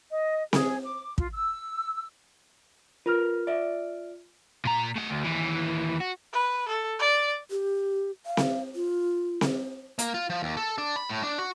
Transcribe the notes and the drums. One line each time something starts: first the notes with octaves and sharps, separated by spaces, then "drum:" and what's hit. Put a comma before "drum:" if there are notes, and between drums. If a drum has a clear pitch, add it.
D#5
G#4, drum: snare C4
D6
F4, drum: kick
E6
F4 A#4 B4 F6
D5 E5
A#2 A#5
A2 F#5
D2
D#2 E3
F#4
B4
A4
D5
G4
F5
drum: snare C4
F4
drum: snare C4
A#3, drum: hi-hat
F4
F3
D#2
A4
D4
B5
A2
D4
F#4